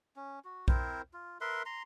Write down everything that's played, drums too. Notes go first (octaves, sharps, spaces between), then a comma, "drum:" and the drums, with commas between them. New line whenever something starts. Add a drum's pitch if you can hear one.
C#4
F#4
C4 E4 A#4 C5, drum: kick B1
F4
A#4 B4 E5 C6
A#5 C6